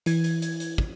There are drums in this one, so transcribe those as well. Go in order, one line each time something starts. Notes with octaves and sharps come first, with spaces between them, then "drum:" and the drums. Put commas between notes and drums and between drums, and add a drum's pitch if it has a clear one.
E3 G#6, drum: hi-hat
drum: hi-hat
drum: hi-hat
drum: hi-hat
drum: kick